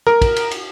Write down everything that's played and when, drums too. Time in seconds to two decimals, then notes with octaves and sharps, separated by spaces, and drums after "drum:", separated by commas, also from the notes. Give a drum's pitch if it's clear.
0.07 A#4, drum: rim click
0.22 drum: kick, cymbal
0.36 drum: cymbal
0.51 drum: cymbal